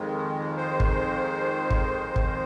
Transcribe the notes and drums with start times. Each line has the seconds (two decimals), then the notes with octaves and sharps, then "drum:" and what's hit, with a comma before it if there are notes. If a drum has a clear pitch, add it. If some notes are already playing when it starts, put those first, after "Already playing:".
Already playing: F2 D#3 G#3
0.57 C5
0.80 drum: kick
1.70 drum: kick
2.16 drum: kick